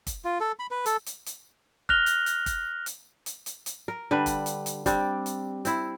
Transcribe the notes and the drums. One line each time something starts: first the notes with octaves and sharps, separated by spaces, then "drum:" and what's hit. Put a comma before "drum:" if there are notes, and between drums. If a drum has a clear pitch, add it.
drum: kick, hi-hat
F4
A4
B5
B4
A4, drum: hi-hat
drum: hi-hat
drum: hi-hat
F6 F#6 A#6 F7 G7, drum: kick
drum: hi-hat
drum: hi-hat
drum: kick, hi-hat
drum: hi-hat
drum: hi-hat
drum: hi-hat
drum: hi-hat
A#4
D3 G3 B4
drum: kick, hi-hat
drum: hi-hat
drum: hi-hat
G3 C4 D4, drum: kick, hi-hat
drum: hi-hat
C4 E4, drum: hi-hat